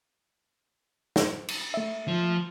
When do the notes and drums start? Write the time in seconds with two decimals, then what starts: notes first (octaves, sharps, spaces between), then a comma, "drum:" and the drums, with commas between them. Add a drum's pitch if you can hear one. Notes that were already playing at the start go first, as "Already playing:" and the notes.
1.16 drum: snare
1.48 drum: cymbal
1.74 A3 E5
2.08 F3